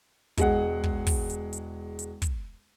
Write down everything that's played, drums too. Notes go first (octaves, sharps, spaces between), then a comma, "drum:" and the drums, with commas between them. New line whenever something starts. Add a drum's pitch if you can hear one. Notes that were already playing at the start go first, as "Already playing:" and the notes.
E1 G#3 F#5, drum: kick, hi-hat
drum: kick
drum: kick, open hi-hat
drum: hi-hat
drum: hi-hat
drum: hi-hat
drum: kick, hi-hat